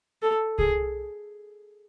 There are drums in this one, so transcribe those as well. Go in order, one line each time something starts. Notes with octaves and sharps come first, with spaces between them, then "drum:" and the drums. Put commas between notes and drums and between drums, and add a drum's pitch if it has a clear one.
A4
G#4, drum: kick C2